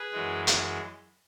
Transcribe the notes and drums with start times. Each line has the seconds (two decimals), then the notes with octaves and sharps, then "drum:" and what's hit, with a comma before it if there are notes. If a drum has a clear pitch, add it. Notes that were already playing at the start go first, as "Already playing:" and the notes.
Already playing: G#4 B4
0.12 F#2 E3 G#3
0.47 drum: hi-hat